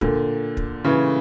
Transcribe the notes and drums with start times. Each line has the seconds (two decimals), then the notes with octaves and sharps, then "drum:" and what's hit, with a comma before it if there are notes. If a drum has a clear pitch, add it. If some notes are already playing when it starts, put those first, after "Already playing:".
0.01 A#2 D3, drum: kick
0.57 drum: kick
0.84 C#3 E3